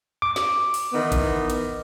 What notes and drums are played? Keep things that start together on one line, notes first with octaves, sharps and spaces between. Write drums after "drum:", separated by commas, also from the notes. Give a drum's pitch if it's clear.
D6
drum: snare
drum: open hi-hat
D#3 E3 B3
drum: kick G#1, hi-hat
drum: hi-hat